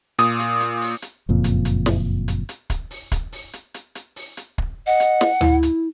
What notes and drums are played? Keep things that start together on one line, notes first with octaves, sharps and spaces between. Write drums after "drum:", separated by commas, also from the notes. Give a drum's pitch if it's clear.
A#2 D#6, drum: hi-hat
drum: hi-hat
drum: hi-hat
drum: open hi-hat
drum: hi-hat
F#1 F2 A#2
drum: hi-hat
drum: hi-hat
drum: snare
drum: hi-hat
drum: hi-hat
drum: kick, hi-hat
drum: open hi-hat
drum: kick, hi-hat
drum: open hi-hat
drum: hi-hat
drum: hi-hat
drum: hi-hat
drum: open hi-hat
drum: hi-hat
drum: kick
D#5 F#5
drum: hi-hat
drum: snare
E4, drum: tom D2
drum: hi-hat